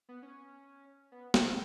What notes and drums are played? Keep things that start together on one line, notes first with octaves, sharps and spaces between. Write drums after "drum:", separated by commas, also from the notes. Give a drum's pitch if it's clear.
B3
C#4
B3
A#3, drum: snare